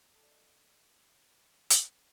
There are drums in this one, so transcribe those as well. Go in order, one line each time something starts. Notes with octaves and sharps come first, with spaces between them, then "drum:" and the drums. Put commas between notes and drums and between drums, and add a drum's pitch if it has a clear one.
G#4
A4
D5
D#5
D5
C#5
drum: hi-hat